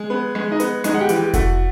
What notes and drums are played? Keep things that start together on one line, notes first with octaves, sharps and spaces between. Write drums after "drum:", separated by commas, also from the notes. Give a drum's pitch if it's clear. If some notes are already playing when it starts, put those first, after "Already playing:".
Already playing: G#3
B3
G#3
D#4 D#5
B3, drum: hi-hat
G#3 D#4 D#5, drum: hi-hat
F#5
G4 G5
E3, drum: hi-hat
G4 G5
A3 F#4 F#5, drum: kick F1, hi-hat